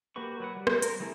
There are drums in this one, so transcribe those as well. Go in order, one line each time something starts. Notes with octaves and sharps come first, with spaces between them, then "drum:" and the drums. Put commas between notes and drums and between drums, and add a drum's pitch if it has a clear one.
A#3 F#4 G4 B4 C#6
F#3 B4 F#5
G3
drum: rim click
A#4, drum: hi-hat
G3 A3 C4 E4 G#4